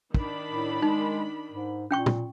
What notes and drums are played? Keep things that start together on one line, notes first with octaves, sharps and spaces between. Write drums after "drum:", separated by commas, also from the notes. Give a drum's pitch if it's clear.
D#3 D4 B5, drum: kick
A2
G#3 D#4
G#2
A#2 C#4 G5 C#6
drum: tom